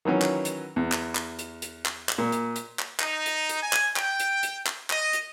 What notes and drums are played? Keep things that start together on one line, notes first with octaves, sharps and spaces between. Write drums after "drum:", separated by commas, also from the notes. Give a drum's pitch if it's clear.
D#3 E3 F#3 C#4
drum: clap
drum: hi-hat
E2
drum: clap
drum: clap
drum: hi-hat
drum: hi-hat
drum: clap
drum: clap
A#2
drum: hi-hat
drum: hi-hat
drum: clap
D#4, drum: clap
drum: hi-hat
drum: hi-hat
G#5
drum: clap
G5, drum: clap
drum: hi-hat
drum: hi-hat
drum: clap
D#5, drum: clap
drum: hi-hat